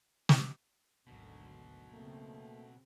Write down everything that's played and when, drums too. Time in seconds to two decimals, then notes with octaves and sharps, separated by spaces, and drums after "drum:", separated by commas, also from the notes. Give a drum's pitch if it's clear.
0.29 drum: snare
1.07 G#1 D2 B2 D3 F#3
1.94 C#3 A3 A#3 C4